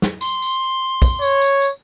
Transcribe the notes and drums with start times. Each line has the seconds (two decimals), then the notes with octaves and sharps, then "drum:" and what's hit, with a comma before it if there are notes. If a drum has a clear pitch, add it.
0.02 drum: snare
0.21 C6, drum: tambourine
0.42 drum: tambourine
1.02 drum: kick, tambourine
1.22 C#5, drum: tambourine
1.42 drum: tambourine
1.61 drum: tambourine